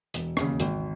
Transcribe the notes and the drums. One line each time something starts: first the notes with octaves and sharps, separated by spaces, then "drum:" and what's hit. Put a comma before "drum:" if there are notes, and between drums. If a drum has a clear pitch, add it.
E1, drum: hi-hat
D#2 C#3, drum: rim click
G#1, drum: hi-hat